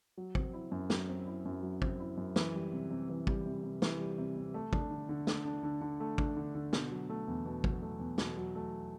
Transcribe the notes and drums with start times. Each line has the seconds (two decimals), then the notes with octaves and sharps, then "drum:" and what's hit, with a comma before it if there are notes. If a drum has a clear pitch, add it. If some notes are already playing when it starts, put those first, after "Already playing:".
0.17 F#3
0.35 C4, drum: kick
0.53 E4
0.72 F#2
0.90 F#3, drum: snare
1.09 C4
1.27 E4
1.45 F#2
1.62 F#3
1.82 C4, drum: kick
2.00 E4
2.17 F#2
2.36 E3, drum: snare
2.54 G3
2.72 C3
2.90 C3
3.09 E3
3.27 G3, drum: kick
3.45 C3
3.63 C3
3.82 E3, drum: snare
4.00 G3
4.18 C3
4.36 C3
4.54 A3
4.73 D4, drum: kick
4.91 D3
5.09 D3
5.27 A3, drum: snare
5.45 D4
5.63 D3
5.81 D3
6.00 A3
6.18 D4, drum: kick
6.37 D3
6.55 D3
6.73 B2, drum: snare
6.92 F#3
7.09 A3
7.28 E2
7.45 B2
7.64 F#3, drum: kick
7.82 A3
8.00 E2
8.18 B2, drum: snare
8.37 F#3
8.55 A3